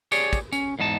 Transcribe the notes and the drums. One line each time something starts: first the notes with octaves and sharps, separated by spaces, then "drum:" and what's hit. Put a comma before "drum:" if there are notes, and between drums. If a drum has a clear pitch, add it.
G4 G#4 C#5 D5, drum: tambourine
drum: kick, tambourine
C#4, drum: tambourine
E2 G#2 D#4 A5